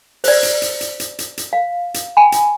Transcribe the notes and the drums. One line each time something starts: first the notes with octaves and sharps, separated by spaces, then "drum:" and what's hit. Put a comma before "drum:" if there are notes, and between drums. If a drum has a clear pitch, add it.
C5 D5, drum: open hi-hat
drum: hi-hat
drum: hi-hat
drum: hi-hat
drum: hi-hat
drum: hi-hat
drum: hi-hat
F5
drum: hi-hat
G5 G#5 B5
drum: hi-hat